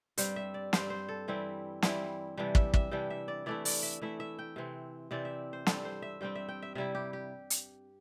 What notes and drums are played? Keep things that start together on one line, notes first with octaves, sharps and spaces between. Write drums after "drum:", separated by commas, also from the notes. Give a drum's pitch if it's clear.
G2 G3 C4 C5, drum: hi-hat
E5
D5
G2 G3 C4 C5, drum: snare
C5
A4
E3 G3 C4 E4
E3 G3 C4 E4, drum: snare
C3 E3 G3 D4
E5, drum: kick
E5, drum: kick
C3 E3 G3 D4 G5
E5
D5
E3 A3 E4 D5
D5, drum: open hi-hat
E5
E3 A3 E4 E5
E5
G5
C3 E3 C4
C3 E3 C4 D5
E5
C5
G2 G3 C4 A4, drum: snare
C5
E5
G2 G3 C4 G5
E5
G5
E5
C3 G3 E4 E5
G4
G4
drum: hi-hat